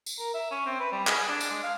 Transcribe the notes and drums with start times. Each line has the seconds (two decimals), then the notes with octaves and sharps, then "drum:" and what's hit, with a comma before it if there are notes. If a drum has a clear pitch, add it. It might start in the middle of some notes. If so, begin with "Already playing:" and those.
0.06 drum: tambourine
0.19 A#4
0.34 E5
0.51 C#4
0.66 C4
0.80 B4
0.92 G3
1.07 G#4, drum: clap
1.28 D4
1.41 drum: tambourine
1.50 G#3
1.63 F5